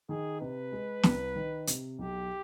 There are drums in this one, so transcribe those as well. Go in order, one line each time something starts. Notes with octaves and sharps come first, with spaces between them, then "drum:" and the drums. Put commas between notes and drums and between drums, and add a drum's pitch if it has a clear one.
D#3 G#4
C3 B4
G#3
C2, drum: snare
D#3
C3, drum: hi-hat
B1 G4